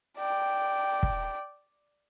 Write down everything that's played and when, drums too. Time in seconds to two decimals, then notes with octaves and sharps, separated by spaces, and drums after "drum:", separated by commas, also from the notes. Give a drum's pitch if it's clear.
0.18 D5 G5
1.03 drum: kick